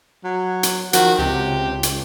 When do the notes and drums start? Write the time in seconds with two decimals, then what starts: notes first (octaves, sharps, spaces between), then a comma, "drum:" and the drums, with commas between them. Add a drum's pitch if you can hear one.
0.24 F#3
0.63 drum: hi-hat
0.93 D#3 F3 F#4, drum: hi-hat
1.19 C#2 C3 G4
1.83 drum: hi-hat